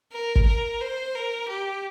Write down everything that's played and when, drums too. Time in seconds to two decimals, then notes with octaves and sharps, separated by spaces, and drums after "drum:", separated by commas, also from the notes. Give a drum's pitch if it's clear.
0.12 A#4
0.36 drum: kick
0.46 A#4
0.81 C5
1.15 A#4
1.48 G4